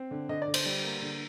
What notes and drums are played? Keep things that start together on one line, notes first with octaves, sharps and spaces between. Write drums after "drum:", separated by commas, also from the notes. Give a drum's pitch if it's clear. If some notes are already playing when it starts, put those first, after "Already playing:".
Already playing: C4
D3
D3 D#5
D5
D3
C5, drum: cymbal
G3
A#3
D3